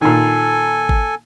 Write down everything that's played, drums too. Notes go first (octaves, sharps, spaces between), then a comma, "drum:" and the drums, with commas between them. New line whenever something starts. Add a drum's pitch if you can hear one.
A#2 D#3 A4 G#5
drum: kick G#1